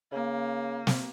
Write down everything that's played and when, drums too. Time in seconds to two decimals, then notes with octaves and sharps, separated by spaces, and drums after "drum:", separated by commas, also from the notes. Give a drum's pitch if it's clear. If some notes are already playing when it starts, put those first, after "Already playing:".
0.13 C#3 A#3
0.87 drum: snare